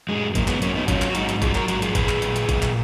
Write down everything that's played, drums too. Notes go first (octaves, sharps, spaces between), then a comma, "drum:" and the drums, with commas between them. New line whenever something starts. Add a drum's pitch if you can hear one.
F#2 G#3
F#2 A#3, drum: kick G#1, hi-hat
G#3 B3, drum: clap
F#2 A#3 C#4, drum: hi-hat
B3 D#4
F#3 C#4 F4, drum: kick G#1, hi-hat
drum: clap
G#2 D#4 F#4, drum: hi-hat
drum: hi-hat
F#3 F4 G#4, drum: kick G#1, hi-hat
F#4 A#4, drum: clap
G#2 F#4 A#4, drum: hi-hat
F4 G#4, drum: hi-hat
A#2 G#4 B4, drum: kick G#1, hi-hat
drum: clap
A#2, drum: hi-hat
drum: hi-hat
A#2, drum: kick G#1, hi-hat
drum: clap